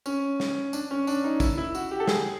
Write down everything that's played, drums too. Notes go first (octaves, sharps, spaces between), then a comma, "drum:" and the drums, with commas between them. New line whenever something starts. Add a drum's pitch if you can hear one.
C#4, drum: tambourine
drum: snare
D4, drum: tambourine
C#4
D4, drum: tambourine
D#4
E4, drum: kick, tambourine
E4
F#4, drum: tambourine
G4
A4
G#4, drum: snare